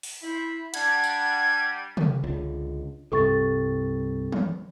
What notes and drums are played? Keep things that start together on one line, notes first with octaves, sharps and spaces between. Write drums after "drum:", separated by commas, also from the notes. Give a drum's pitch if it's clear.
drum: open hi-hat
E4 C5 B5
G3 D4 F#5 G#6, drum: cymbal
drum: tambourine
drum: tom
C#2 D3
C2 G2 C3 A4 C#6 A6
drum: tom